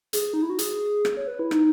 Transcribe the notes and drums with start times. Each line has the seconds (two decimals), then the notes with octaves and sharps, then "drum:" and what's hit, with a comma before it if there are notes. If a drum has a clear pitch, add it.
0.13 G#4, drum: hi-hat
0.33 D#4
0.42 E4
0.50 F#4
0.59 G#4, drum: hi-hat
1.05 drum: rim click
1.17 C#5
1.27 B4
1.39 E4
1.51 D#4, drum: rim click